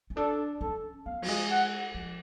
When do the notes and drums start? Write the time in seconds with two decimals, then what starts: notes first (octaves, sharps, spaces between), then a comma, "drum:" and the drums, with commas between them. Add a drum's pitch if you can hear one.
0.10 C#4
0.17 D4 A4
0.61 C#4 A4
1.06 B3 F5
1.22 F#3, drum: cymbal
1.28 G#3
1.51 F#5
1.95 F3